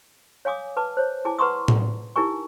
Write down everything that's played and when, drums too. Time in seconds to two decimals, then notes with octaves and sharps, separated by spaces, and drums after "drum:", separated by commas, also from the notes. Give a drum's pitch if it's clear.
0.45 C#5 F5 G#5 D6 D#6
0.77 B4 A5 D6
0.97 C5 C#5
1.25 E4 G#4 G#5 A5 D6
1.38 B4 F#5 A#5 C6 C#6 D#6
1.68 drum: tom A2
2.16 D#4 E4 G4 A#4 G#5 C#6